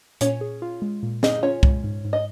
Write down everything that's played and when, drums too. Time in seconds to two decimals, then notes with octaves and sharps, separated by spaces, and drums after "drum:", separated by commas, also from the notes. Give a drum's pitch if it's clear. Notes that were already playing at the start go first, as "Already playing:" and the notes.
0.21 A#2 C#4 C#5, drum: hi-hat
0.41 G#4
0.62 F4
0.82 G#3
1.03 A#2
1.23 D#4 G#4 D#5, drum: snare
1.43 C#4 F4 C#5
1.63 G#3, drum: kick
1.84 G#2
2.05 G#2
2.13 D#5